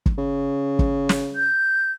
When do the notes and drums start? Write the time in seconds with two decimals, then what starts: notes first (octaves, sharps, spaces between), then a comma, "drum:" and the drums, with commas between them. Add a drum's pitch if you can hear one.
0.06 drum: kick
0.18 C#3
0.79 drum: kick
1.09 drum: snare
1.36 G6